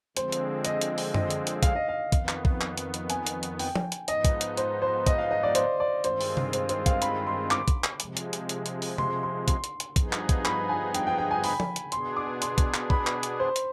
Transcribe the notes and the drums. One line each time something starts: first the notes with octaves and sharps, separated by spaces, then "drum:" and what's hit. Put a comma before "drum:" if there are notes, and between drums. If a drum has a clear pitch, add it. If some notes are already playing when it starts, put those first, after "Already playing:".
D3 F3 G#3 C4 C5, drum: hi-hat
drum: hi-hat
D#5, drum: hi-hat
drum: hi-hat
drum: open hi-hat
D#5, drum: tom F#2
drum: hi-hat
drum: hi-hat
F5, drum: kick A#1, hi-hat
D#5
F5
F2 D#3 B3, drum: kick A#1, hi-hat
drum: clap
drum: kick A#1
drum: clap
drum: hi-hat
drum: hi-hat
G#5, drum: hi-hat
drum: hi-hat
drum: hi-hat
G5, drum: open hi-hat
drum: tom F3
drum: hi-hat
G#2 F3 B3 D#4 D#5, drum: hi-hat
drum: kick A#1, hi-hat
drum: hi-hat
C5, drum: hi-hat
C5
D#5, drum: kick A#1, hi-hat
F5
D#5
D5
C5, drum: hi-hat
D5
G2 D#3 G#3 C4 F4 C5, drum: hi-hat
drum: open hi-hat
drum: tom C3
C5, drum: hi-hat
C5, drum: hi-hat
F5, drum: kick A#1, hi-hat
B5, drum: hi-hat
C6
D6, drum: clap
drum: kick A#1, hi-hat
drum: clap
C3 F3 G#3, drum: hi-hat
drum: hi-hat
drum: hi-hat
drum: hi-hat
drum: hi-hat
drum: open hi-hat
C6, drum: tom C3
C6
C6, drum: kick A#1, hi-hat
drum: hi-hat
drum: hi-hat
G2 F3 B3 D#4 G#4, drum: kick A#1, hi-hat
drum: clap
drum: kick A#1, hi-hat
B5, drum: clap
G#5
G5, drum: hi-hat
G5
G5
G#5
B5, drum: open hi-hat
drum: tom F3
drum: hi-hat
B2 B3 D4 G#4 C6, drum: hi-hat
D6
C6, drum: hi-hat
drum: kick A#1, hi-hat
drum: clap
B5, drum: kick A#1
drum: clap
drum: hi-hat
C5
drum: hi-hat